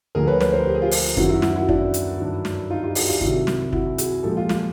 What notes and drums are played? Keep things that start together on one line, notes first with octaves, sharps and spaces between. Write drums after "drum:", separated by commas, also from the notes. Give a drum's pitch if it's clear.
D2 D3 F3 A3 G#4 A#4
B4 C#5
B4 C#5, drum: snare
A#4 C5
G4
G#4
F4 G4
drum: open hi-hat
F#2 D#3 F#3 E4 F#4, drum: kick
E4 F#4
E4 F#4, drum: snare
E4 F#4
D4 E4, drum: kick
drum: hi-hat
G2 D#3 F#3
drum: snare
D#4 F4
F4 G4
F#4 G#4, drum: open hi-hat
F4 G4
C2 C3 D#3 F#3 E4 F#4, drum: kick
drum: snare
E4 F#4, drum: kick
F#4 G#4, drum: hi-hat
A#2 F3 G#3 G4 A4
F4 G4
F4 G4, drum: snare